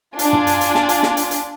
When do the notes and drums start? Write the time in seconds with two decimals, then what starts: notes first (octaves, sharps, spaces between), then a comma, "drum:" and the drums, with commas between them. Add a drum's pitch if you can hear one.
0.19 D4 F4 G#5, drum: hi-hat
0.33 drum: tom
0.47 drum: hi-hat
0.61 drum: hi-hat
0.75 drum: snare
0.89 drum: hi-hat
1.03 drum: snare
1.17 drum: hi-hat
1.31 drum: hi-hat